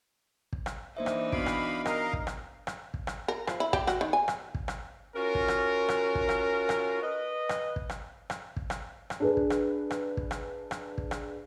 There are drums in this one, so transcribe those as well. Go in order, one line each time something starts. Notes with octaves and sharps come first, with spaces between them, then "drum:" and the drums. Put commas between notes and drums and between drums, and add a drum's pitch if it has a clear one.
drum: kick
drum: rim click
E3 A#3 D4 D#4 C5 E5
drum: rim click
B3 F#4 F5 B5 D7, drum: kick
drum: rim click
A#4 D#5 F5, drum: rim click
drum: kick
drum: rim click
drum: rim click
drum: kick
drum: rim click
A#4
F3, drum: rim click
E4
G4, drum: kick
F#4, drum: rim click
D#3
G#5
drum: rim click
drum: kick
drum: rim click
C#4 F4 F#4 A#4
drum: kick
drum: rim click
drum: rim click
drum: kick
drum: rim click
drum: rim click
B4 D#5
drum: rim click
drum: kick
drum: rim click
drum: rim click
drum: kick
drum: rim click
drum: rim click
D4 G#4 B4
drum: kick
drum: rim click
drum: rim click
drum: kick
drum: rim click
drum: rim click
drum: kick
drum: rim click